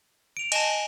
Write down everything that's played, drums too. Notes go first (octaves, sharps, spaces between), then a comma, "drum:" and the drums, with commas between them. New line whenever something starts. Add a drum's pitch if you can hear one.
D7 F7
D#5 G#5 A5, drum: cymbal